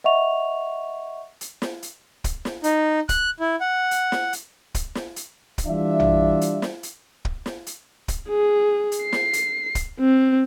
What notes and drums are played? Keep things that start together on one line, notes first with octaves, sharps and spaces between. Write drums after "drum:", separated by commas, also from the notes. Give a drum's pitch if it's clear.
D#5 E5 F#5 C#6 F7
drum: hi-hat
drum: snare
drum: hi-hat
drum: kick, hi-hat
drum: snare
D#4, drum: hi-hat
F#6, drum: kick, hi-hat
E4
F#5
drum: hi-hat
drum: snare
drum: hi-hat
drum: kick, hi-hat
drum: snare
drum: hi-hat
drum: kick, hi-hat
E3 G3 D4 F4 E5
drum: tom A#1
drum: hi-hat
drum: snare
drum: hi-hat
drum: kick
drum: snare
drum: hi-hat
drum: kick, hi-hat
G#4
drum: hi-hat
C7
drum: snare
drum: hi-hat
drum: kick, hi-hat
C4